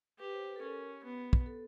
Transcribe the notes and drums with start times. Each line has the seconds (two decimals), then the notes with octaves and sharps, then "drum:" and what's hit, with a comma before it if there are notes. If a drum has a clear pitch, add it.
0.19 G4 B4
0.33 C5
0.48 B4
0.56 A4
0.62 C#4 A#4
1.04 B3
1.33 drum: kick
1.46 A4